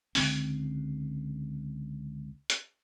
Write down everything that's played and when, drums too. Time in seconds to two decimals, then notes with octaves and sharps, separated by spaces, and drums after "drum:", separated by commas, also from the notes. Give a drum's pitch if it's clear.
0.15 C#2 D3 C4, drum: open hi-hat
2.50 drum: hi-hat